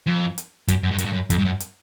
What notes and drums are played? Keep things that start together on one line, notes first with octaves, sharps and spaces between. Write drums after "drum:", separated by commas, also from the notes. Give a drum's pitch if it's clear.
F2
drum: hi-hat
F#2, drum: kick, hi-hat
F#2
G2
F#2, drum: hi-hat
G2
F#2
F2, drum: kick, hi-hat
G2
F#2
drum: hi-hat